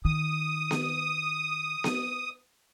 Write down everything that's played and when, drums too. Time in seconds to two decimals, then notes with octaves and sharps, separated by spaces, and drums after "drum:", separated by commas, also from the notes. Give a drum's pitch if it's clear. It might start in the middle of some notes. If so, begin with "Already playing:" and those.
0.05 D#3 D#6
0.71 drum: snare B3
1.84 drum: snare B3